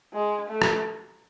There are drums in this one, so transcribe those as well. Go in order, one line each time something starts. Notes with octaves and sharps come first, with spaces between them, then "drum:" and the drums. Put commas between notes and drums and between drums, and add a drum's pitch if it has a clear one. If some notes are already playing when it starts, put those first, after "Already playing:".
G#3
A3
drum: rim click